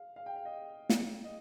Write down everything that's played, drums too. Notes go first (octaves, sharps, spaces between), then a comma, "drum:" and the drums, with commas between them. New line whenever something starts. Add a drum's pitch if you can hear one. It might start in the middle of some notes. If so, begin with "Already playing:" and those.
Already playing: F5
F5
G5
F5
D#5
drum: snare
D#5